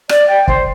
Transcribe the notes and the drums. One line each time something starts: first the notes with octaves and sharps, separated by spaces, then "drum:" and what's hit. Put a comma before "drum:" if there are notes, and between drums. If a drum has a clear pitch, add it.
D5, drum: rim click
G5
C5, drum: kick